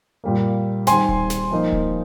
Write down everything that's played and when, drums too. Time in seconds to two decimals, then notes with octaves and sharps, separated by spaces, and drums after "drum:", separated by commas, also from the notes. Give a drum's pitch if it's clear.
0.24 A#2 G3 A#3
0.87 D#3 G3 C4 G#5 C6, drum: snare
1.09 drum: kick D1
1.30 drum: snare
1.51 F3 A#3 D#4
1.72 drum: kick D1